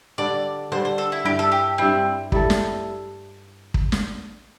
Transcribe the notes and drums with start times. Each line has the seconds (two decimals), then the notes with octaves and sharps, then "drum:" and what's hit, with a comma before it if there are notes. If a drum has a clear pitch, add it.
0.18 D3 G3 D4 D5
0.72 D3 G3 D4 C5
0.85 C5
0.98 A4
1.12 E4
1.25 G2 G3 E4 G4
1.39 A4
1.52 G4
1.78 G2 G3 C4 E4
2.32 G3 E4 A4, drum: kick
2.50 drum: snare
3.74 drum: kick
3.92 drum: snare